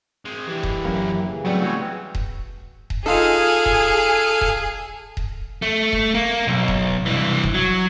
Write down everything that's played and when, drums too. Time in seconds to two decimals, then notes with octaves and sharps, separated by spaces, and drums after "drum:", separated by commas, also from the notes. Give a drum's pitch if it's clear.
0.25 G#3 C4
0.47 E3 D4 E4 G4
0.63 drum: kick D#1
0.85 F#2 A#3
1.23 C#3 E3
1.45 F#3 G3 A3 B3 C4
1.63 F#4 G#4 C#5
2.15 drum: kick D#1
2.90 drum: kick D#1
3.06 D#4 F4 G#4 A4 F5 F6
3.66 drum: kick D#1
4.41 drum: kick D#1
5.17 drum: kick D#1
5.62 A3
5.92 drum: kick D#1
6.15 A#3
6.48 B1
6.68 drum: kick D#1
7.06 C2 E3
7.44 drum: kick D#1
7.54 F#3